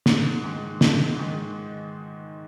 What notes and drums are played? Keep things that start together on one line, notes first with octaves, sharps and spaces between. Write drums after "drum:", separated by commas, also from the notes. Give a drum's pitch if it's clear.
G#2, drum: snare
D#3 G#3
G#2, drum: snare
D#3 G#3